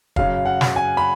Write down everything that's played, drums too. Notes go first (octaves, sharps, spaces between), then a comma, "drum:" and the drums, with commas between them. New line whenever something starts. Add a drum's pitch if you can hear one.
F#2 C#3 F#3 F5, drum: kick
F#5
drum: snare
G#5
B5